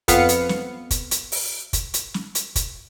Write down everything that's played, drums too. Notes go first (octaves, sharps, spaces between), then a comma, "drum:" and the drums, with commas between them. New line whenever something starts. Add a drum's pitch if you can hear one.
F2 B3 F5 C#7, drum: kick, hi-hat
drum: hi-hat
drum: snare
drum: kick, hi-hat
drum: hi-hat
drum: open hi-hat
drum: kick, hi-hat
drum: hi-hat
drum: snare
drum: hi-hat
drum: kick, hi-hat